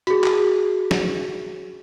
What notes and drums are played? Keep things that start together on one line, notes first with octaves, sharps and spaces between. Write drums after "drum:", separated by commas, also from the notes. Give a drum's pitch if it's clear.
F#4 G#4, drum: hi-hat
drum: clap
drum: snare